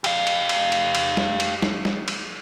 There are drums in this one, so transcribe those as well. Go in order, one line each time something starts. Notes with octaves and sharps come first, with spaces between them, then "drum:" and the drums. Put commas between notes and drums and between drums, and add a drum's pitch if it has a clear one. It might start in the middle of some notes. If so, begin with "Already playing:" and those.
G4 F5, drum: cymbal
drum: cymbal
drum: cymbal
drum: cymbal
drum: cymbal
drum: snare
drum: cymbal
drum: snare
drum: snare
drum: cymbal